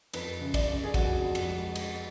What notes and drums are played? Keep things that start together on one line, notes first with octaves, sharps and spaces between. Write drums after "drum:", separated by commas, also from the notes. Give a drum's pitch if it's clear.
F2 B4, drum: cymbal
C#3
D5, drum: kick, cymbal
C#3
G#4
F2 F#4, drum: kick, cymbal
F2
drum: cymbal
G#3
drum: cymbal